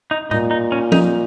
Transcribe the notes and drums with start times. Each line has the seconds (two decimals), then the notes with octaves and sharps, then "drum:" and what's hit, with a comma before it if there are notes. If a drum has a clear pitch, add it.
0.11 D#4
0.31 A#2 D#4, drum: tom A2
0.51 D#4
0.72 C#4
0.92 D#4, drum: tom F3